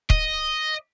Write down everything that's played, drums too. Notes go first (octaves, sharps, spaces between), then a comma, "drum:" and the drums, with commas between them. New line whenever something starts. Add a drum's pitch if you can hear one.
D#5, drum: kick